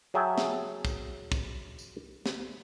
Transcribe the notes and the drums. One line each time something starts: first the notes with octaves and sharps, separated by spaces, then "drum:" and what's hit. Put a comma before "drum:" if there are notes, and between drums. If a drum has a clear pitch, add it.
F#3 G#4 E5 G5 A5
drum: snare
drum: kick, tambourine
drum: kick, tambourine
drum: tambourine
drum: snare